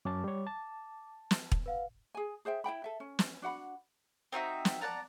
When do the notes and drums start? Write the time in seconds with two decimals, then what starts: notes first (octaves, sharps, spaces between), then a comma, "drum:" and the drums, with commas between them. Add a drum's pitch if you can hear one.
0.05 F#2 C#4 A5 D6
0.24 G3 C#5
0.47 A5
1.31 drum: snare
1.52 drum: kick
1.66 B4 F5 F#5
2.15 G#4 G#5
2.45 G#4 C5 E5 G5
2.64 E4 E5 G5 B5
2.84 A4 E5
3.00 C#4
3.19 drum: snare
3.42 D4 F#4 F#5 B5
4.32 C4 D#4 F#4 E5
4.65 drum: snare
4.81 D5 F#5 A5 A#5